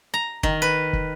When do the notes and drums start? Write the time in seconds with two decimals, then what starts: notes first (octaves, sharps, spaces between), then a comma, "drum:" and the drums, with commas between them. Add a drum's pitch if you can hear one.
0.14 A#5
0.43 D#3, drum: kick
0.62 B4
0.93 drum: kick